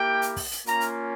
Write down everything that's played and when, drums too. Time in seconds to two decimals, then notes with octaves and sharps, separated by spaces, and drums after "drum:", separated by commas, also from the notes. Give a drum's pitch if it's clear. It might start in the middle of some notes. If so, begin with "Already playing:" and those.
Already playing: A#3 E4 G4 G5
0.22 drum: hi-hat
0.36 drum: kick, open hi-hat
0.51 drum: hi-hat
0.66 A#3 C#4 F4 A#5, drum: hi-hat
0.80 drum: hi-hat